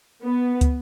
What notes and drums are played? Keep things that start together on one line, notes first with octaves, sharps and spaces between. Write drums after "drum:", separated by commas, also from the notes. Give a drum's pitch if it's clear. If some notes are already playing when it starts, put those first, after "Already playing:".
B3
drum: kick, hi-hat